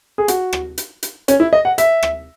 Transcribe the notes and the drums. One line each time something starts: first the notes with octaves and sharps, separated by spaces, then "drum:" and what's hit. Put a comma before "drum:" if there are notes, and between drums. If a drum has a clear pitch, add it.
G#4
F#4, drum: hi-hat
drum: rim click
drum: hi-hat
drum: hi-hat
C#4, drum: hi-hat
E4
D#5
F#5
E5, drum: hi-hat
drum: rim click